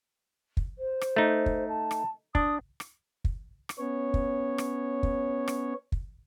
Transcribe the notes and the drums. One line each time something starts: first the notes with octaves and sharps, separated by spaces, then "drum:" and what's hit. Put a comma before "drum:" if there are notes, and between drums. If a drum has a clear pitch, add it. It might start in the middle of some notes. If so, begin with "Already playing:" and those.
drum: kick
C5
drum: rim click
A3 D#4
drum: kick
A5
drum: rim click
D4 D#6, drum: kick
drum: rim click
drum: kick
drum: rim click
B3 C#4 C#5
drum: kick
drum: rim click
drum: kick
drum: rim click
drum: kick